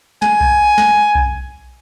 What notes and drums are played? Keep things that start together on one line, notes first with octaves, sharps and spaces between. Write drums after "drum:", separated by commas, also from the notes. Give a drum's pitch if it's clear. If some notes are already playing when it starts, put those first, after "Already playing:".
G#5, drum: snare
drum: kick B1
drum: snare
drum: kick B1